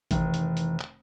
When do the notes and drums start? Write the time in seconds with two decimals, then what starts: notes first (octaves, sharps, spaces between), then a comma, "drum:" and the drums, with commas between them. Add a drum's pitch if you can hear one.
0.11 F1 D#3 E3, drum: kick A1, hi-hat
0.34 drum: hi-hat
0.57 drum: hi-hat
0.80 drum: clap